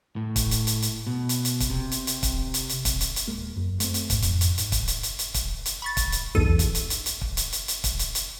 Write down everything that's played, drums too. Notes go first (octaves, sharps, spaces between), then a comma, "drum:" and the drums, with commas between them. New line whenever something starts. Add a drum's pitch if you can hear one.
A2
drum: kick, hi-hat
drum: hi-hat
drum: hi-hat
drum: hi-hat
B2
drum: hi-hat
drum: hi-hat
drum: kick, hi-hat
C3
drum: hi-hat
drum: hi-hat
drum: kick, hi-hat
drum: hi-hat
drum: hi-hat
drum: kick, hi-hat
drum: hi-hat
drum: hi-hat
D#1 G#3 A#3
F#1 F#2
A3 C4, drum: hi-hat
drum: hi-hat
D2 G#2, drum: kick, hi-hat
F2, drum: hi-hat
drum: hi-hat
G#2, drum: hi-hat
drum: kick, hi-hat
drum: hi-hat
drum: hi-hat
drum: hi-hat
drum: kick, hi-hat
drum: hi-hat
B5 C#6 A6
drum: kick, hi-hat
drum: hi-hat
B1 E2 G#2 A4 D#7
drum: kick, hi-hat
drum: hi-hat
drum: hi-hat
drum: hi-hat
drum: kick
drum: hi-hat
drum: hi-hat
drum: hi-hat
drum: kick, hi-hat
drum: hi-hat
drum: hi-hat